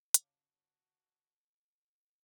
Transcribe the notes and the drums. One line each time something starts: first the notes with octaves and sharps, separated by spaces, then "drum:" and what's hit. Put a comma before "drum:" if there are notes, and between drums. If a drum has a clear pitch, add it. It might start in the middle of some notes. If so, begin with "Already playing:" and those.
C#3 F#4 F5 A5 D6, drum: hi-hat